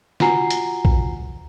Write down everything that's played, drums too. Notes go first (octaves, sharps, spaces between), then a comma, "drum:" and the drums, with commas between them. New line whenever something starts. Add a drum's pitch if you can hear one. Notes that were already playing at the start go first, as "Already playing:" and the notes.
F4 F#4 F#5 G#5 A#5 C7, drum: snare
drum: hi-hat
drum: kick A#1